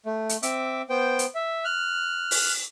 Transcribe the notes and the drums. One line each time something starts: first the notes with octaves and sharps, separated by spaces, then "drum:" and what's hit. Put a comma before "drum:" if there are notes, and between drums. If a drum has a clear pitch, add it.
A3
drum: hi-hat
C4 E5 D6, drum: hi-hat
B3 C5 G5
drum: hi-hat
E5
F6 F#6
drum: open hi-hat